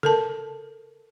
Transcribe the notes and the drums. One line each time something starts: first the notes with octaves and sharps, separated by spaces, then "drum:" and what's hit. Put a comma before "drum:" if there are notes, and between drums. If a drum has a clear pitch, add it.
A4 A#4 A5, drum: tom C#3